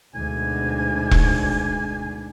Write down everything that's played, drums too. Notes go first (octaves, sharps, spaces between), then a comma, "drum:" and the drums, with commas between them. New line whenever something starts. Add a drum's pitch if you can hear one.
D2 G#2 B2 D4 G#5
drum: kick E1